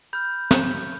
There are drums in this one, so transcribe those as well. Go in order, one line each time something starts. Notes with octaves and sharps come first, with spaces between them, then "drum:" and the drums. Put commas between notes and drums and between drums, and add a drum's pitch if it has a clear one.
B5 F6 G6
drum: snare